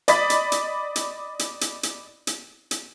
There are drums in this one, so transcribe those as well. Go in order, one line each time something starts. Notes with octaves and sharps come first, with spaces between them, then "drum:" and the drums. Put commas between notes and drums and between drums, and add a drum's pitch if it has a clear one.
D5 D#5 B5 A6 B6, drum: hi-hat
drum: hi-hat
drum: hi-hat
drum: hi-hat
drum: hi-hat
drum: hi-hat
drum: hi-hat
drum: hi-hat
drum: hi-hat